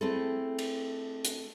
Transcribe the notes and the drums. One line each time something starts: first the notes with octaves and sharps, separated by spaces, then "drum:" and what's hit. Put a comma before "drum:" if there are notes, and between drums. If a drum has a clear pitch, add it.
A3 C4 E4 G#4 A4
drum: cymbal
drum: hi-hat